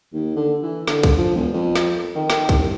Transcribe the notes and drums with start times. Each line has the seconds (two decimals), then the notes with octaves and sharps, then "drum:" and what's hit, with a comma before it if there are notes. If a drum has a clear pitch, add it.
0.13 D#2
0.36 D3
0.63 E3
0.87 D3, drum: snare
1.03 drum: kick, cymbal
1.18 F3
1.35 E1
1.54 F2
1.76 drum: snare
2.16 D#3
2.30 drum: snare
2.49 C2, drum: kick, cymbal